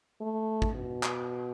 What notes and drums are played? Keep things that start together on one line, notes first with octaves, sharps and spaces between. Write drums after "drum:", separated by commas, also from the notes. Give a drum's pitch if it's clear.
A3
drum: kick
B2
drum: clap